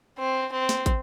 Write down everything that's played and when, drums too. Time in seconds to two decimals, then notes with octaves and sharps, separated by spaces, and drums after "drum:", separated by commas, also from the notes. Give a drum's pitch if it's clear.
0.18 C4
0.52 C4
0.69 drum: snare
0.86 drum: kick, hi-hat